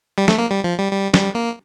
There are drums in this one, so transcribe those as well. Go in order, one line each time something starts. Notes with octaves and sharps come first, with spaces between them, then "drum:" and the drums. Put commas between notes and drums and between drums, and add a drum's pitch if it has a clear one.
G3
A3, drum: snare
A#3
G3
F3
G3
G3
G3, drum: snare
A#3